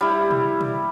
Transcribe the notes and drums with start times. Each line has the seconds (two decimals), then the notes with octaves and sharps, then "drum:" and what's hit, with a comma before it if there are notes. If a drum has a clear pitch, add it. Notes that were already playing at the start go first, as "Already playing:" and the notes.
0.01 G3 E4
0.31 drum: tom B2
0.61 drum: tom B2